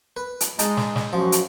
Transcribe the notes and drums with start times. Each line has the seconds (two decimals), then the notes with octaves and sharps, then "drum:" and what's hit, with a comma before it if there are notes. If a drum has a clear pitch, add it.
0.17 B4
0.41 drum: hi-hat
0.59 G#3 D#4 A5, drum: hi-hat
0.77 drum: snare
0.96 drum: snare
1.13 F#2 F3 F#4
1.32 drum: hi-hat